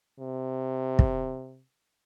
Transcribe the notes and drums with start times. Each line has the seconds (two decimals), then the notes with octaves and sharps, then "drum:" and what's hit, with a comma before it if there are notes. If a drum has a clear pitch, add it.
0.19 C3
0.99 drum: kick